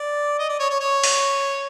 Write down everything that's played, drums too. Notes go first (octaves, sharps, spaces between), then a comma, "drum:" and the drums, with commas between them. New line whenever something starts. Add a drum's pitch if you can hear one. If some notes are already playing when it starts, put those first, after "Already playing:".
Already playing: D5
D#5
D5
C#5
C#5
C#5
drum: open hi-hat